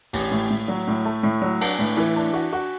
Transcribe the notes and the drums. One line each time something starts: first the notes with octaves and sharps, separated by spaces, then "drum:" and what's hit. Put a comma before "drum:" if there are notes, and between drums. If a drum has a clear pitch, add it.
A1, drum: cymbal
A2
A2
F#3
A2
A3
A2
F#3
D4, drum: cymbal
A2
E3
D4
F#4
F#4